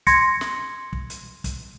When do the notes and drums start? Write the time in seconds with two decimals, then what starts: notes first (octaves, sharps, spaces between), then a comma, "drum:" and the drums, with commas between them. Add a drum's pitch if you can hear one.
0.07 C6 G#6 A#6 C#7, drum: kick, hi-hat
0.41 drum: snare
0.93 drum: kick
1.10 drum: hi-hat
1.44 drum: kick, hi-hat